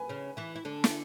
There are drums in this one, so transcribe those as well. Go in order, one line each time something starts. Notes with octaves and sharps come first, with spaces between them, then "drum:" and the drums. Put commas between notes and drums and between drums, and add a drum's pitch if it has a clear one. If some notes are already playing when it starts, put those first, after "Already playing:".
Already playing: B4 G#5
C#3 C#4
E3 E4
E4
D3 D4
drum: snare